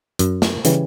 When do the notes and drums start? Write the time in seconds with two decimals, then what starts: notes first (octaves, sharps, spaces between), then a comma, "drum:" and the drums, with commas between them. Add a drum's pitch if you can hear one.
0.19 F#2, drum: hi-hat
0.42 drum: snare
0.65 C#3 E3 G3, drum: hi-hat